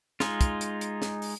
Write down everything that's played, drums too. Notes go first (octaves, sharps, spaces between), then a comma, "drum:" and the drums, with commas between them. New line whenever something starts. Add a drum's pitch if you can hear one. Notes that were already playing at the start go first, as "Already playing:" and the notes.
G#3 D#4 F4, drum: snare
drum: kick, hi-hat
drum: hi-hat
drum: hi-hat
drum: snare
drum: open hi-hat